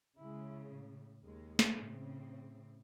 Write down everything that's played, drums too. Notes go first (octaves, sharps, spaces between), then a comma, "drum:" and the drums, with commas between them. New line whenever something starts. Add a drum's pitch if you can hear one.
C#3 G#3 E4
A2
D#2 G#3
drum: snare
A2 C#3 C4